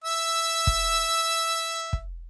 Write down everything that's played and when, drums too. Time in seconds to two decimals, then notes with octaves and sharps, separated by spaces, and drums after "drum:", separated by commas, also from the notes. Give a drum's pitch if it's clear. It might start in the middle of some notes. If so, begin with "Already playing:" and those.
0.04 E5 E6
0.67 drum: kick
1.93 drum: kick